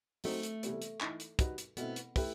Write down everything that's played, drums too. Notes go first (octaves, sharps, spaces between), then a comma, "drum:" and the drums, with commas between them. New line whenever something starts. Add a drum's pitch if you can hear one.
F#3 A3 C4 D#4 F#4 C5, drum: open hi-hat
drum: hi-hat
C3 E3 G3 B3 E4, drum: hi-hat
drum: hi-hat
E3 A3 D#4, drum: clap
drum: hi-hat
G3 D#4 F#4 B4, drum: kick, hi-hat
drum: hi-hat
B2 A3 B3 C4 E4, drum: hi-hat
drum: hi-hat
A3 E4 G4 B4, drum: kick, open hi-hat